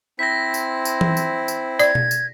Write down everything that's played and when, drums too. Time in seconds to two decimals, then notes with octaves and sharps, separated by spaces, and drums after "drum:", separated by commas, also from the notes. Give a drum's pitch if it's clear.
0.19 C4 E4 C5 A#6 B6
0.54 drum: tambourine
0.85 drum: tambourine
1.01 drum: tom E3
1.17 drum: tambourine
1.48 drum: tambourine
1.79 D5 G#6, drum: tambourine
1.95 drum: tom B2
2.11 drum: tambourine